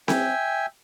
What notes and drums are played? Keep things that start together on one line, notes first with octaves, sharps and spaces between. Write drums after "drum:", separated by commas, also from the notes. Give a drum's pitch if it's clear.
E5 G5 G#5, drum: snare C4